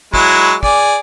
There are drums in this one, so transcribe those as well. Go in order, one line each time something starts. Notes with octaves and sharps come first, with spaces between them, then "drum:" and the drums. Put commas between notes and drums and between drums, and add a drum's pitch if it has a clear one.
F#3 G#3 E4, drum: kick
G#4 D5, drum: kick